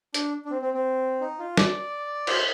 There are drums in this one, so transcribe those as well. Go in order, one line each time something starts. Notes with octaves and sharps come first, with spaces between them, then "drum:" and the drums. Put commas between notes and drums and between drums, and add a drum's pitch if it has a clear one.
D4, drum: hi-hat
D4
C4
C4
C4
D#4
F4
D5, drum: snare
C5, drum: cymbal